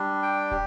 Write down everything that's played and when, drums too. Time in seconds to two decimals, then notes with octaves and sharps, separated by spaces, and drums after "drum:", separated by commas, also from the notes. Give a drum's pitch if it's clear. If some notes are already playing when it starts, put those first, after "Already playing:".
Already playing: G3 D4
0.22 G5
0.51 G4, drum: kick